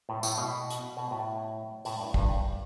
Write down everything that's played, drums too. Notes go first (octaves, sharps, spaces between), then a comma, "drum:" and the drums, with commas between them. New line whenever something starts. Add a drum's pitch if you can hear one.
A2
A2, drum: tambourine
B2
drum: hi-hat
B2
A2
A2, drum: open hi-hat
G2
G2, drum: kick